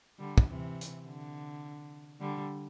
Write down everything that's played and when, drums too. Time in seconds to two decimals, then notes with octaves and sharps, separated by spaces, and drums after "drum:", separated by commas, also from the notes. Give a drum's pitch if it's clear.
0.19 D3 G3
0.38 drum: kick
0.48 C3 E3
0.81 drum: hi-hat
1.06 D3
2.20 D3 G3